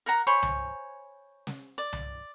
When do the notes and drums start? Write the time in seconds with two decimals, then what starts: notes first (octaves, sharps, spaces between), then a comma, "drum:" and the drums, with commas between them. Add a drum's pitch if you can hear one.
0.06 A#4 F#5 A#5
0.27 C5 C#5 G#5 B5
0.43 drum: tom C2
1.47 drum: snare
1.78 D5
1.93 drum: tom C2